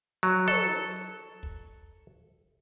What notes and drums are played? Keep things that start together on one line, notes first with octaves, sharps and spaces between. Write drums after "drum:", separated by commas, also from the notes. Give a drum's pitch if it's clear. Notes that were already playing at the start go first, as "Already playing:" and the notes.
F#3, drum: hi-hat
A4, drum: tom
drum: kick